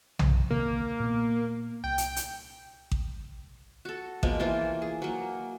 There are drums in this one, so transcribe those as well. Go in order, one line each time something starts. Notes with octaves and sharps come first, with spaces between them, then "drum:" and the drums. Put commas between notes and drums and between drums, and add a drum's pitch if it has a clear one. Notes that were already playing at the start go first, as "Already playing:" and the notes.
B1 B2 F3, drum: tom B1
D#1 C3 D#3 A#3
A#2 B3
C2 G5
drum: hi-hat
drum: hi-hat
drum: kick A1
F#4 A4
B2 F3 G#3 A#3, drum: kick A1
E3 A#3 F4 C5
G#4
F#3 A#3